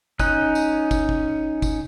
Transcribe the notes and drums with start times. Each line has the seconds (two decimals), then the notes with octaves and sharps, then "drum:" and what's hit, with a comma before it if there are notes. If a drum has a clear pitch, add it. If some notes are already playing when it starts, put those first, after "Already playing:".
0.19 C#4 D#4 F#6, drum: kick, tambourine
0.55 drum: tambourine
0.91 drum: kick, tambourine
1.09 drum: kick
1.62 drum: kick, tambourine